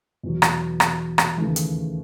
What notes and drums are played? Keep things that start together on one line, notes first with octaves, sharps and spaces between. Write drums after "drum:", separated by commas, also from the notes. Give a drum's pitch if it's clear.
E2 B2 F#3
drum: rim click
drum: rim click
drum: rim click
D#2 C#3 E3 A3
drum: hi-hat